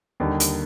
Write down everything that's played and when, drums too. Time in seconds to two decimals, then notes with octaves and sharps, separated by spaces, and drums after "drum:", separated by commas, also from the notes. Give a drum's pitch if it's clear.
0.20 D#2 D3 G3 D#4
0.40 drum: hi-hat